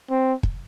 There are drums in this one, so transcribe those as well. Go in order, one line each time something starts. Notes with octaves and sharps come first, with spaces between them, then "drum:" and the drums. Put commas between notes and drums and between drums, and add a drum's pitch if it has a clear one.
C4
drum: kick